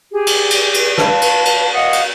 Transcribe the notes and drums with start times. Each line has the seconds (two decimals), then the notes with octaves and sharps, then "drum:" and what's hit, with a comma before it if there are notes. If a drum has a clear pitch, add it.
0.10 G4 G#4
0.27 drum: cymbal
0.50 drum: cymbal
0.74 drum: cymbal
0.98 B4 F5 A5, drum: rim click
1.22 drum: cymbal
1.45 drum: cymbal
1.74 D#5 F5 F#5 D#6
1.93 drum: cymbal